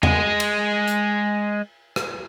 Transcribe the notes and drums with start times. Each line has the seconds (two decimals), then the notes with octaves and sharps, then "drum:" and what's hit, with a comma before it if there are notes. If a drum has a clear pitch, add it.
0.03 G#3 G#4, drum: tom E2
0.40 drum: cymbal
0.88 drum: hi-hat
1.96 drum: rim click